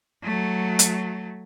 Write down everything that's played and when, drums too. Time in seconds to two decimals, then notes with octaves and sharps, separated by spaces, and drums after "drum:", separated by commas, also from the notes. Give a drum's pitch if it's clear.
0.24 F#3 A3
0.79 drum: hi-hat